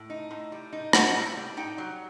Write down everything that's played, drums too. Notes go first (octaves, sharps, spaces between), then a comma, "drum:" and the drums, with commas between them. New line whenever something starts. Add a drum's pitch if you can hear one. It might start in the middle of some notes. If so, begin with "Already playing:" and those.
Already playing: A2
D#4
A2
G3
D#4
G3 F#5, drum: rim click
A2
G3
D#4 G5
F#3